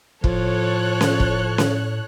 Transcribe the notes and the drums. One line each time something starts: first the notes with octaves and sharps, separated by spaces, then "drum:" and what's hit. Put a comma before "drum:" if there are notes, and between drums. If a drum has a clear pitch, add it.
A2 F3 A4 C#5 F#6, drum: kick
drum: snare C#4
drum: kick
drum: snare C#4